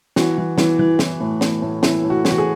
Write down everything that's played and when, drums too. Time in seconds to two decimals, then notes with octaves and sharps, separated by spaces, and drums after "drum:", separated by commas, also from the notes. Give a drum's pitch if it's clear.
0.16 E3 F#4, drum: snare
0.38 E3
0.58 E3, drum: snare
0.79 E3
0.99 E3, drum: snare
1.20 A2
1.41 E3, drum: snare
1.62 A2
1.83 E3 E4, drum: snare
2.04 A2
2.10 F#4
2.25 E3, drum: snare
2.31 F#4
2.38 G#4